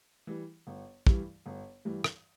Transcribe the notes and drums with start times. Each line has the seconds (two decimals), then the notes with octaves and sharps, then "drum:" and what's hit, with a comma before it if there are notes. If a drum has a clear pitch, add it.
0.27 E3 G3
0.67 G1
1.07 G2 E3 G3, drum: kick
1.46 G1
1.85 G2 E3 G3
2.04 drum: rim click